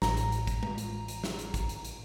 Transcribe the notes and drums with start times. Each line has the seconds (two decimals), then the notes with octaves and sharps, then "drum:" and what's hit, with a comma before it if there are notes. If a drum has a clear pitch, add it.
0.02 A1 A#5, drum: snare
0.17 drum: hi-hat
0.32 drum: hi-hat
0.47 drum: kick, hi-hat
0.63 drum: tom G#3
0.78 drum: hi-hat
1.08 drum: hi-hat
1.24 drum: snare
1.39 drum: hi-hat
1.54 drum: kick, hi-hat
1.69 drum: hi-hat
1.84 drum: hi-hat